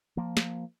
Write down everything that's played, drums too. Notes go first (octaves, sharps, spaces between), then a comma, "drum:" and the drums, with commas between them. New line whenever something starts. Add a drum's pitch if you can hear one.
F3 A#3
drum: snare